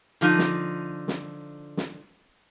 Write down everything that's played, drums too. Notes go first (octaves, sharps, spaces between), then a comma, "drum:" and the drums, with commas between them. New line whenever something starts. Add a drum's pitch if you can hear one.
D3 F3 D#4
drum: snare
drum: snare
drum: snare